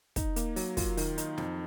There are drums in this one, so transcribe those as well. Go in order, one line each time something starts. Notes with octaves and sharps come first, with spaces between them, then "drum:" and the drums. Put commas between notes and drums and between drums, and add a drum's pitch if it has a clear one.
D#4, drum: kick, hi-hat
A#3, drum: hi-hat
F#3, drum: open hi-hat
F4, drum: kick, open hi-hat
D#3, drum: open hi-hat
D#4, drum: hi-hat
F2, drum: snare